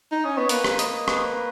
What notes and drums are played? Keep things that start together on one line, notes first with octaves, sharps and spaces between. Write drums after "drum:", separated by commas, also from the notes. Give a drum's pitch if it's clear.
D#4
C#4 D#5
B3 C#5
A#3 B4, drum: hi-hat
drum: rim click
D#5, drum: hi-hat
B4, drum: rim click